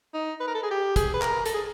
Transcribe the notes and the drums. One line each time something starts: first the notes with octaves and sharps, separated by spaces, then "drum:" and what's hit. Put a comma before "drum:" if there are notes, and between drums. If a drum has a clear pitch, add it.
D#4
B4
A#4
A4
G#4
G4
G#4, drum: kick, hi-hat
B4
A#4, drum: clap
A4, drum: hi-hat
G#4